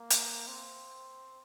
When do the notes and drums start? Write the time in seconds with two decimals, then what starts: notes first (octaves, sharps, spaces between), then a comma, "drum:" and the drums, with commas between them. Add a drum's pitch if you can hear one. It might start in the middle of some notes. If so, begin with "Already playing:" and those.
Already playing: A#3
0.10 drum: hi-hat
0.47 C4